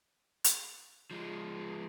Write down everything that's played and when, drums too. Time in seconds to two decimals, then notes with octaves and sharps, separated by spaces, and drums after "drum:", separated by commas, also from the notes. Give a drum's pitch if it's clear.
0.44 drum: hi-hat
1.11 F3 G#3